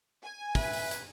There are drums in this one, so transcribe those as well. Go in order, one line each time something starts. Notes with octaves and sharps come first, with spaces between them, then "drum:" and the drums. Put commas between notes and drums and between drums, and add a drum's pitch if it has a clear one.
G#5
B4 E5, drum: kick, open hi-hat
drum: open hi-hat
drum: hi-hat